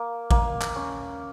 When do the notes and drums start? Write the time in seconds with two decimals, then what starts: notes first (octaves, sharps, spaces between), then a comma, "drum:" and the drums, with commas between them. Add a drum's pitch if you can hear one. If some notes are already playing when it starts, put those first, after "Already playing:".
Already playing: A#3
0.31 A#3, drum: kick A1
0.61 drum: clap
0.76 C#4